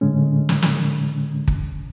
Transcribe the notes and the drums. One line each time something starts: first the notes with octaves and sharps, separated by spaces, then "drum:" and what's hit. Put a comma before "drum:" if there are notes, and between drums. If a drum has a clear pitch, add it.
A2 D3 G#3 C#4
drum: snare
drum: snare
drum: kick